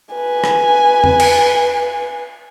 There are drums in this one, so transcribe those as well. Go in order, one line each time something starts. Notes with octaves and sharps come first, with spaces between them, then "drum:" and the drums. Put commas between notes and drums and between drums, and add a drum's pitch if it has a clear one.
B4 G#5
drum: rim click
drum: tom E2
drum: cymbal